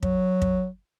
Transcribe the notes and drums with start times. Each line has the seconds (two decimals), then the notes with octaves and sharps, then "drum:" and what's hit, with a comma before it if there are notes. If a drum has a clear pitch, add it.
0.03 F#3, drum: kick
0.42 drum: kick